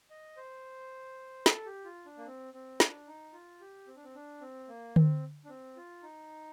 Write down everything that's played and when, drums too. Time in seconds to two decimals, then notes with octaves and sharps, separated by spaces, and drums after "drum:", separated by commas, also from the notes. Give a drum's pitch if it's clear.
0.10 D#5
0.37 C5
1.46 A4, drum: snare
1.66 G4
1.85 F4
2.06 D4
2.18 A#3
2.27 C4
2.54 C4
2.80 D4, drum: snare
3.08 D#4
3.33 F4
3.61 G4
3.87 C4
3.96 D4
4.04 C4
4.15 D4
4.41 C4
4.68 A#3
4.96 C4, drum: tom D3
5.45 D4
5.49 C4
5.77 F4
6.03 D#4